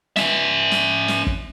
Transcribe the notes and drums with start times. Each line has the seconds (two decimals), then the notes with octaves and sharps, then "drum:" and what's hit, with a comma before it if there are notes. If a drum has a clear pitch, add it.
0.16 C#4 E5, drum: snare
0.71 drum: snare
1.08 drum: snare
1.27 drum: kick